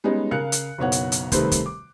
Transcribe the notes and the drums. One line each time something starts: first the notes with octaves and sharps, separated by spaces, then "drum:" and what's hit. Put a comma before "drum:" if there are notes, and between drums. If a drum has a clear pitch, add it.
G3 G#3 B3 C#4 D#4
C#3 A#4 F5 F#6 C#7
drum: hi-hat
F#1 B1 B3 C#5 F#5
drum: hi-hat
drum: hi-hat
C3 D#3 G3 A3 B4 C5, drum: kick, hi-hat
drum: kick, hi-hat
D6